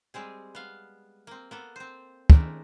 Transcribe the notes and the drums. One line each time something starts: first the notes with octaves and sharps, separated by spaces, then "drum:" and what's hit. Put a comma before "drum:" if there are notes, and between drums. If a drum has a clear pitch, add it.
G3 G#3 C4 G#4
B3 F5
A#3 C4
A#3 B3 A4
C4 C5
G#3 A3 C4 D4 E4 A#4, drum: kick